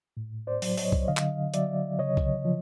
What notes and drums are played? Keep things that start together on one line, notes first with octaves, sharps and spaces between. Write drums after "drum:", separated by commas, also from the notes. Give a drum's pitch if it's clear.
A2
C5 D5
F#3, drum: open hi-hat
C#5 D#5, drum: open hi-hat
drum: kick
D3 D#5 F5
drum: clap
F#3 D5 E5, drum: hi-hat
C#3 C#5 D#5
drum: kick
F3